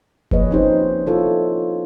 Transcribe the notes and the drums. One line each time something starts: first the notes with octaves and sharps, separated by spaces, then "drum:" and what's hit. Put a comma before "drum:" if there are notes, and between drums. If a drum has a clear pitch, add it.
F3 A#3 G#4 B4 C#5 D#5, drum: kick F#1
C4 C#4 D#4 G4 B4 C5
E4 F4 A4 C#5